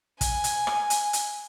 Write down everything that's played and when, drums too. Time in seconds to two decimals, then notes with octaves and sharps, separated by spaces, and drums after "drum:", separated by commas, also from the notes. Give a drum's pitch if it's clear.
0.21 G#5, drum: kick, hi-hat
0.44 drum: hi-hat
0.67 drum: rim click
0.90 drum: hi-hat
1.13 drum: hi-hat